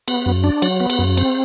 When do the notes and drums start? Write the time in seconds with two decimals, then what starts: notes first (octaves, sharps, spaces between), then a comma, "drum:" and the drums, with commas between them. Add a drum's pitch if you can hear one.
0.08 B3, drum: cymbal
0.26 F#2
0.44 D4
0.62 F#3, drum: cymbal
0.80 B3
0.90 drum: cymbal
0.99 F#2
1.17 C4, drum: cymbal